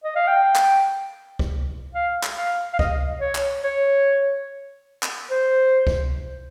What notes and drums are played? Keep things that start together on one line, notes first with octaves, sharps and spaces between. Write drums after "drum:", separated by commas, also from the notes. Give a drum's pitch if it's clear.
D#5
F5
G5
drum: clap
drum: kick C2
F5
drum: clap
F5
F5
D#5, drum: kick C2
C#5
drum: clap
C#5
drum: clap
C5
drum: kick C2